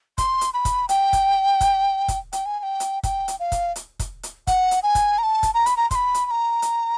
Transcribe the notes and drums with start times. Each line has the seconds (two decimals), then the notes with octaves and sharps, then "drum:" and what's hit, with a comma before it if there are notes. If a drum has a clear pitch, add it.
0.18 C6, drum: kick, hi-hat
0.41 drum: hi-hat
0.54 B5
0.65 drum: kick, hi-hat
0.89 G5, drum: hi-hat
1.13 drum: kick, hi-hat
1.61 drum: kick, hi-hat
2.08 drum: kick, hi-hat
2.33 G5, drum: hi-hat
2.46 G#5
2.59 G#5
2.63 G5
2.80 drum: hi-hat
3.03 G5, drum: kick, hi-hat
3.28 drum: hi-hat
3.40 F5
3.52 drum: kick, hi-hat
3.76 drum: hi-hat
3.99 drum: kick, hi-hat
4.23 drum: hi-hat
4.47 F#5, drum: kick, hi-hat
4.71 drum: hi-hat
4.83 G#5
4.95 drum: kick, hi-hat
5.18 A#5
5.23 A5
5.43 drum: kick, hi-hat
5.54 A#5
5.66 B5, drum: hi-hat
5.77 A#5
5.91 C6, drum: kick, hi-hat
5.95 B5
6.14 drum: hi-hat
6.26 B5
6.31 A#5
6.62 drum: hi-hat